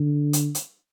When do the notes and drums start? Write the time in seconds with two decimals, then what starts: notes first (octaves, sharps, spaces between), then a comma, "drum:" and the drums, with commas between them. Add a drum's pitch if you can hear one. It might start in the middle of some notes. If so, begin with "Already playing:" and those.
Already playing: D3
0.33 drum: hi-hat
0.55 drum: hi-hat